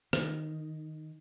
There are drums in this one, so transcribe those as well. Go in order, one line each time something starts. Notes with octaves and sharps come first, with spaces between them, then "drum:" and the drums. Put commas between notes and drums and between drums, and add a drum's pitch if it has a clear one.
D#3, drum: rim click